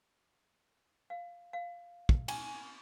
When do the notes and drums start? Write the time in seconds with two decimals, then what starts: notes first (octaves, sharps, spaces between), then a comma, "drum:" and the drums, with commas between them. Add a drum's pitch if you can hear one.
1.10 F5
1.53 F5
2.09 drum: kick
2.28 G#5, drum: cymbal